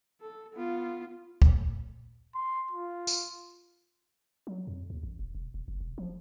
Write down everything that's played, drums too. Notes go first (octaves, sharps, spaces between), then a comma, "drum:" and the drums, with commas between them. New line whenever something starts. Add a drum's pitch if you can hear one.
A4
B3 F4
drum: kick
C6
F4
drum: tambourine
F#3
F2
D#2
A1
D#1
E1
D#1
F#1
E1
F3